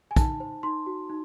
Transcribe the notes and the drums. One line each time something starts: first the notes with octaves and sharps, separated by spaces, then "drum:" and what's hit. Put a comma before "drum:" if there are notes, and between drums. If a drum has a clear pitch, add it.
G#5
D#4 A5, drum: kick, hi-hat
C5
D#4 C6
F#4
D#4